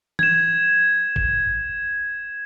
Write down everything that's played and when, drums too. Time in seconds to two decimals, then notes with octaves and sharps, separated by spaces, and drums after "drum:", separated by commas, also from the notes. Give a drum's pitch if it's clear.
0.19 G#6 E7, drum: tom E3
1.16 drum: kick